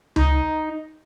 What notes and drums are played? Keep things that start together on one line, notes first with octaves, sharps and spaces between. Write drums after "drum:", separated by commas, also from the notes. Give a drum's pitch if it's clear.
D#4, drum: tom C#2